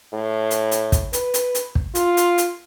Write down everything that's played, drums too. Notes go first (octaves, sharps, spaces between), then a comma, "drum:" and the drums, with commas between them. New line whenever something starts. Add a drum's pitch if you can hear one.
A2
drum: hi-hat
drum: hi-hat
drum: kick, hi-hat
B4, drum: hi-hat
drum: hi-hat
drum: hi-hat
drum: kick
F4, drum: hi-hat
drum: hi-hat
drum: hi-hat